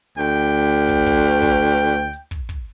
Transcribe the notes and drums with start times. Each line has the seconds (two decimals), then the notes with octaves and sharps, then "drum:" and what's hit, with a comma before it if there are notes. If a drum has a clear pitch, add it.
0.18 D2 G5
0.35 drum: hi-hat
0.89 drum: kick, open hi-hat
1.06 drum: kick
1.42 drum: kick, hi-hat
1.78 drum: hi-hat
2.13 drum: hi-hat
2.31 drum: kick, open hi-hat
2.49 drum: kick, hi-hat